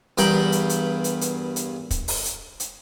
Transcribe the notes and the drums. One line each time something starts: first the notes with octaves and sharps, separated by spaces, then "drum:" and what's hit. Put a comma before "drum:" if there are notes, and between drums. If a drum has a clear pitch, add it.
E2 G2 A#4 G5 B5, drum: hi-hat
drum: hi-hat
drum: hi-hat
drum: hi-hat
drum: hi-hat
drum: hi-hat
drum: kick, hi-hat
drum: open hi-hat
drum: hi-hat
drum: hi-hat